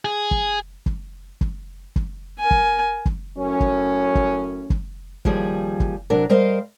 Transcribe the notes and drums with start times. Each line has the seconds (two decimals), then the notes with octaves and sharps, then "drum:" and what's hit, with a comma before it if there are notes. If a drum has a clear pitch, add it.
0.05 G#4
0.31 drum: kick
0.86 drum: kick
1.41 drum: kick
1.96 drum: kick
2.40 A#4 G#5
2.51 drum: kick
3.06 drum: kick
3.38 F#2 A2 C#4
3.60 drum: kick
4.15 drum: kick
4.70 drum: kick
5.25 D#2 F3 G3 G#4, drum: kick
5.80 drum: kick
6.10 C3 F#3 D4 A#4
6.29 G3 A#4 C5 D#5 F5